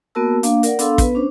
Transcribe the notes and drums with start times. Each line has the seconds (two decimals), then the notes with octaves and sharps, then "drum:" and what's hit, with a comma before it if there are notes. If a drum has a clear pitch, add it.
0.15 A#3 B3 F#4 A#4 A5 E6
0.43 A#3 D4 F5, drum: hi-hat
0.63 A#4 D5 F#5, drum: hi-hat
0.79 B3 D4 A4 F5 C6 E6, drum: hi-hat
0.98 B3 B4, drum: kick, hi-hat
1.15 C#4 D4 C5